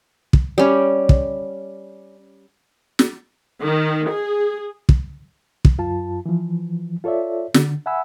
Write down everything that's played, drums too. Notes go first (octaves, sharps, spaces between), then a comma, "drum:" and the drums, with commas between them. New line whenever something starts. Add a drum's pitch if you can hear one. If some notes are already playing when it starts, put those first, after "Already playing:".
drum: kick
G3 C#4
drum: kick
drum: snare
D#3
G#4
drum: kick
drum: kick
F#2 F4 A5
E3 F3
F4 A4 C#5 D5 E5
D3, drum: snare
E5 F#5 G#5 B5 E6